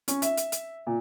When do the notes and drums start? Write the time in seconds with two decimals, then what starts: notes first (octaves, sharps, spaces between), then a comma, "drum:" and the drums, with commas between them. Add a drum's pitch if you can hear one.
0.08 C#4, drum: hi-hat
0.22 E5, drum: hi-hat
0.37 drum: hi-hat
0.52 drum: hi-hat
0.87 A#2